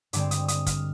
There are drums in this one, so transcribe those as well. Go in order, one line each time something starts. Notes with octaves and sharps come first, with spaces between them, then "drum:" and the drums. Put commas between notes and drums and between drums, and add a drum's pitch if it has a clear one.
G2 D3 G#3 C4 D6, drum: hi-hat
D#6, drum: hi-hat
D#6, drum: hi-hat
F6, drum: kick, hi-hat